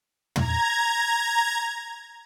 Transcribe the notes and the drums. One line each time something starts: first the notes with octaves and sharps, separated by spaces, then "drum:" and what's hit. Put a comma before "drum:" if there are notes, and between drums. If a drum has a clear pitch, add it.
A#5 G#6, drum: tom